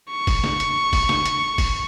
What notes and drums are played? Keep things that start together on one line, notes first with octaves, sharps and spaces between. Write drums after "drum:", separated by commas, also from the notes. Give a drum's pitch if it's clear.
C#6
drum: kick, open hi-hat
drum: snare
drum: hi-hat
drum: kick, open hi-hat
drum: snare
drum: hi-hat
drum: kick, open hi-hat